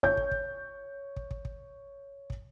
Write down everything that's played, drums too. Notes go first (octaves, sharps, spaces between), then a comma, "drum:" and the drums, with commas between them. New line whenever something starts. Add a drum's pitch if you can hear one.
C#5 G6, drum: kick
drum: kick
drum: kick
drum: kick
drum: kick
drum: kick
drum: kick